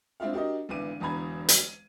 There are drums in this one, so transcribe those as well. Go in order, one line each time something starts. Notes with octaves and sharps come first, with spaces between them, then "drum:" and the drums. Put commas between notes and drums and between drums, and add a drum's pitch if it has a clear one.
G#3 C4 D4 E4 F4 F5
D4 F#4 G4 A#4 D#5
G#1 D3 E3 B3 D6 D#7
E1 E2 D3 A#5 B5 G#6
D#7, drum: hi-hat